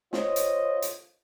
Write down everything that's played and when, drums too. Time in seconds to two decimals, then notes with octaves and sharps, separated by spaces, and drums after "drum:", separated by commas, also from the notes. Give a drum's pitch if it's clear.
0.13 F4 C5 C#5 D#5, drum: snare
0.36 drum: hi-hat
0.82 drum: hi-hat